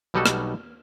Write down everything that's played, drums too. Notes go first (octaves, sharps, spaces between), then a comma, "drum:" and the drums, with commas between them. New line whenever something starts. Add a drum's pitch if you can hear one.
B1 B2 G3 D#4 F#4 A4
drum: rim click